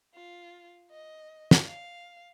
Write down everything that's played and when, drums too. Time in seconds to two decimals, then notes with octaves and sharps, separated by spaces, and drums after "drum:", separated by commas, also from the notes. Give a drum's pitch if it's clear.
0.15 F4
0.91 D#5
1.51 drum: snare
1.67 F5